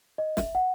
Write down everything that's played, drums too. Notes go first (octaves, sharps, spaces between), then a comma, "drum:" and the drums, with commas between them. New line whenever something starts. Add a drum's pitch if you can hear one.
D#5
E5, drum: snare
F#5